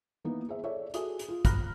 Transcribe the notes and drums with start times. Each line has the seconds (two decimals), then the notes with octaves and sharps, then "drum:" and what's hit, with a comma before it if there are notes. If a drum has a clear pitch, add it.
0.24 E3 A#3 B3 D#4
0.48 G#4 C5 E5
0.63 A4 C#5 D5 E5
0.94 F#4 G#4 A4 E5 G#5 D#6, drum: hi-hat
1.19 drum: hi-hat
1.29 F4
1.45 A#5 B5 F6 F#6 A#6, drum: kick, hi-hat